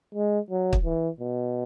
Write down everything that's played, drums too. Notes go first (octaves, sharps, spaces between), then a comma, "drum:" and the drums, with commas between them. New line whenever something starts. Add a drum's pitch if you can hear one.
G#3
F#3
drum: kick
E3
B2